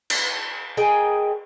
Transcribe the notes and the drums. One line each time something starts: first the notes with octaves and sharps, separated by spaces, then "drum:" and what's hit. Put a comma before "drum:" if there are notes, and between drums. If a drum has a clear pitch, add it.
drum: cymbal
G#4 A#4 D#5 G5